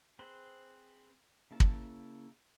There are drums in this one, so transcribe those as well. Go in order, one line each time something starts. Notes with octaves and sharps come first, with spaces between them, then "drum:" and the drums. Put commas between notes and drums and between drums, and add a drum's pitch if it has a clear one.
C4 G#4 B4 C5
C#3 A#3 E4 A5
drum: kick